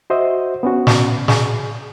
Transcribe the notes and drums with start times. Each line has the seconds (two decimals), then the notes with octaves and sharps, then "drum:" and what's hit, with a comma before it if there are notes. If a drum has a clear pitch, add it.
0.10 F#4 C5 D#5 E5
0.63 B3 C#4 F#4
0.87 drum: snare
1.28 G#4, drum: snare